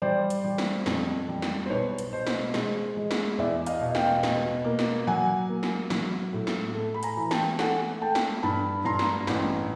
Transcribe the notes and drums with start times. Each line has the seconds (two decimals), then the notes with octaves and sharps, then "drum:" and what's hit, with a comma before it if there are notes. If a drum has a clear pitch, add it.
0.02 G3 C5 D5
0.30 drum: hi-hat
0.44 G3
0.58 drum: snare
0.86 F2, drum: snare
1.29 G3
1.42 drum: snare
1.66 C5
1.70 B1 B4 C#5
1.98 drum: hi-hat
2.12 B2 C5
2.27 drum: snare
2.54 G#3, drum: snare
2.97 G#3
3.11 drum: snare
3.38 E2 D5 E5
3.66 D#5 F5, drum: hi-hat
3.81 B2
3.95 F5 G5, drum: snare
4.23 B2, drum: snare
4.65 A#3
4.79 drum: snare
5.07 F#3 F#5 G#5
5.49 A#3
5.63 drum: snare
5.90 F#3, drum: snare
6.33 A2
6.47 drum: snare
6.74 A3
6.94 B5
7.03 G#5 A#5, drum: hi-hat
7.16 E3
7.31 G5 A5, drum: snare
7.59 A3 F#5 G#5, drum: snare
8.01 A3 G5 A5
8.15 drum: snare
8.43 G2 A5 B5
8.85 G2 A#5 C6
8.99 drum: snare
9.27 A1, drum: snare